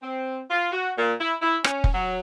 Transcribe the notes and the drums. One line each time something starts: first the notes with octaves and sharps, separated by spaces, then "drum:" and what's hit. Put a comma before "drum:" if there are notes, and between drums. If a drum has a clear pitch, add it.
C4
F4
F#4
A#2
E4
E4
C#4, drum: rim click
drum: kick F1
F#3